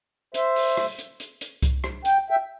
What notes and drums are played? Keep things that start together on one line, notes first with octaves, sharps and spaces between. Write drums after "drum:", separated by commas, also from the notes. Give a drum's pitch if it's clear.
C5 E5, drum: hi-hat
drum: open hi-hat
drum: rim click
drum: hi-hat
drum: hi-hat
drum: hi-hat
drum: kick C2, hi-hat
drum: rim click
G5, drum: hi-hat
E5 G5